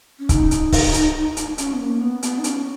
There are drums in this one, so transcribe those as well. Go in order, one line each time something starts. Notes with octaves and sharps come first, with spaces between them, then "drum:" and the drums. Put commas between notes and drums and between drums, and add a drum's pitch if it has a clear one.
C#4
D#4, drum: kick C#1, hi-hat
drum: hi-hat
drum: kick C#1, open hi-hat
drum: hi-hat
drum: hi-hat
C#4, drum: hi-hat
B3
A#3
B3
B3, drum: hi-hat
D#4
C#4, drum: hi-hat